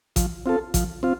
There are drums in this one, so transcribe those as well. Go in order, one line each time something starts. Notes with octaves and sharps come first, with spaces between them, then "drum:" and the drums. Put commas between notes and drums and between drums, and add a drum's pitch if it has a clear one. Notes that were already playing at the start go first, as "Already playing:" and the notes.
F3, drum: kick A1, hi-hat
C4 F4 A4
F3, drum: kick A1, hi-hat
C4 F4